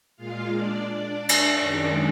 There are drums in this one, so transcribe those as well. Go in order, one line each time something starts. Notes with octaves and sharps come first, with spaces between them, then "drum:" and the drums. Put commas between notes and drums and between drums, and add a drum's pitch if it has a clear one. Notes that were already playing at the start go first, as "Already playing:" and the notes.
A#2 G#3 F4 F5
D4 D5
D4 D5
drum: cymbal
F#2 D#3 G#3